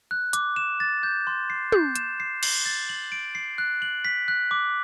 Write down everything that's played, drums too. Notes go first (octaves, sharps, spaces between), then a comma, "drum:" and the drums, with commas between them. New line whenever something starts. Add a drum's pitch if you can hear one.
F#6
D6, drum: hi-hat
E7
A6
G6
C6
C7
G6, drum: tom
E7, drum: hi-hat
C7
C7, drum: cymbal
A6
F#7
D7
C7
F#6
F#7
B6
F#6
D6